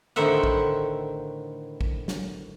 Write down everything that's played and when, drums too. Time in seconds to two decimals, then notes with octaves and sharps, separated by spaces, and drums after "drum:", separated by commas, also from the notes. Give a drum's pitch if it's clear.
0.16 A2 D3 D#3 C5 E5 F#5
0.43 drum: kick
1.81 drum: kick
2.08 drum: snare